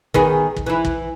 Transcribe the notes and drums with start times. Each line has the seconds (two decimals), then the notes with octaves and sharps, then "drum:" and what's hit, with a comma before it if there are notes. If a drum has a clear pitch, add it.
0.14 D#3 B3 G#4, drum: kick
0.56 drum: kick
0.66 E3 E4
0.85 drum: kick